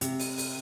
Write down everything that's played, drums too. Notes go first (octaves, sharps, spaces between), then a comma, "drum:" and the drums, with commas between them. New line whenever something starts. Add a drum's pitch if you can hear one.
C3, drum: hi-hat
drum: open hi-hat
drum: open hi-hat